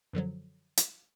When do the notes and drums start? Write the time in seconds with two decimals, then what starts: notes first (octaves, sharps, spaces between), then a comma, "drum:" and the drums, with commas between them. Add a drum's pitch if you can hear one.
0.13 F#2 D3 F3 F#3
0.77 drum: hi-hat